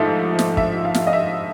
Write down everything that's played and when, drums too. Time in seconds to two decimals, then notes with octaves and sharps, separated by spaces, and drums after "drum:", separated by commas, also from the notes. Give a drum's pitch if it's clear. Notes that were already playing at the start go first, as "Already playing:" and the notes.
Already playing: G#2 F3 A3 E5
0.39 drum: snare
0.57 E5, drum: kick
0.85 F5
0.94 drum: snare
1.07 D#5
1.13 E5